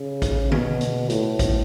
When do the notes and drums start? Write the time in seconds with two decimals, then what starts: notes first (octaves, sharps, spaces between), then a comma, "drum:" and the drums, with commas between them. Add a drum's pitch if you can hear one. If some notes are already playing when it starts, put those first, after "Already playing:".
Already playing: C#3
0.22 drum: kick A1, hi-hat
0.51 B2, drum: tom D3
0.81 drum: hi-hat
1.09 A2, drum: hi-hat
1.39 drum: kick A1, hi-hat